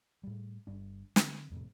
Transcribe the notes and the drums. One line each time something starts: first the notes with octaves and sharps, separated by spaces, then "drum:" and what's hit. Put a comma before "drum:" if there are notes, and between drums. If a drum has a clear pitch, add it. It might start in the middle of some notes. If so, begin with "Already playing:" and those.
A2 G3
G1 G2 D4
D3 C4, drum: snare
E1 F2 A2 C3